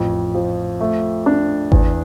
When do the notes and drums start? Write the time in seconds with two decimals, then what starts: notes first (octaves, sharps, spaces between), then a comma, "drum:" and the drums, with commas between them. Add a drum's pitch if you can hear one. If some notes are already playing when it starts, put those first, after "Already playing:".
Already playing: A1 F2
0.35 F3
0.81 A3
1.26 D4
1.72 E2, drum: kick G#1